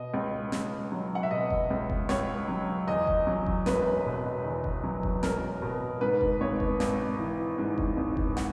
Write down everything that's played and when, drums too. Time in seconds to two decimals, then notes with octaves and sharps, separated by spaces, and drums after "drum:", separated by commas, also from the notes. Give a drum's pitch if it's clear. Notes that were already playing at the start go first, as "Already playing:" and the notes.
Already playing: B2 D#5
0.14 C#2
0.52 C#2, drum: snare
0.92 F#3
1.15 F#5
1.23 E5
1.31 B2 D#5
1.50 drum: kick F1
1.70 C#2
1.90 drum: kick F1
2.09 C#2 C#5, drum: snare
2.48 F#3
2.87 E2 D#5
3.07 drum: kick F1
3.27 F#3
3.46 drum: kick F1
3.66 E1 B4, drum: snare
4.05 B2
4.44 E2
4.64 drum: kick F1
4.83 F#3
5.03 drum: kick F1
5.23 E1 A#4, drum: snare
5.62 B2
6.01 G#2 B4
6.21 drum: kick F1
6.41 G#1 C#5
6.60 drum: kick F1
6.80 G#1, drum: snare
7.19 E3
7.58 G#2
7.78 drum: kick F1
7.97 G#1
8.17 drum: kick F1
8.37 F#5, drum: snare